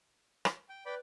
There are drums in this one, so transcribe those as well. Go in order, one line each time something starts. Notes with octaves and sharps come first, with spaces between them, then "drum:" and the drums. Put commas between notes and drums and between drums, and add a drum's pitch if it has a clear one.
drum: rim click
G5
B4 D5 G5 B5